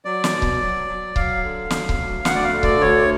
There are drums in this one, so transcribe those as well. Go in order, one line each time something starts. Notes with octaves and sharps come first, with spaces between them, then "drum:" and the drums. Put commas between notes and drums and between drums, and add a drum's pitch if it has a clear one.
F#3 D5
drum: snare
B2
drum: kick C#1
F#3
F#3
F#3 F5, drum: kick C#1
D3
F#3, drum: snare
drum: kick C#1
D2
D2 F#5, drum: snare
D5
F5
D3
D5, drum: kick C#1
D2 C#5